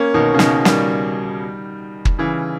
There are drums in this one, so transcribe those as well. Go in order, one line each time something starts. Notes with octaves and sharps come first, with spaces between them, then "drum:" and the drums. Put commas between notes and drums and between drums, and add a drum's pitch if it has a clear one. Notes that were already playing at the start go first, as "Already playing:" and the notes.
Already playing: A#3 C#4
B2 D#3
C#3
B2 D#3, drum: snare
D#3 G3, drum: snare
drum: kick
C#3 E3